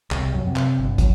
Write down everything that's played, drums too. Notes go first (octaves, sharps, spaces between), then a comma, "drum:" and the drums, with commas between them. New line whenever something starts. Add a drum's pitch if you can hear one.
C2, drum: clap
F#2
C3
drum: clap
G1
F#2, drum: kick, hi-hat